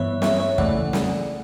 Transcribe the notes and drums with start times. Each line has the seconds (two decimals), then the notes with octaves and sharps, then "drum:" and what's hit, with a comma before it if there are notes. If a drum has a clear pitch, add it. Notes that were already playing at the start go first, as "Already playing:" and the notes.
Already playing: G2 E3 B3 C#5 E5
0.22 C#5 E5, drum: snare
0.40 C#5 E5
0.58 C#3 E3 A3 D5 F#5, drum: kick
0.93 drum: snare